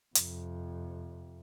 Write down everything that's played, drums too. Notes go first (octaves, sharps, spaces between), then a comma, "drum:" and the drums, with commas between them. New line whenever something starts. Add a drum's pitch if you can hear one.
F2 C3, drum: hi-hat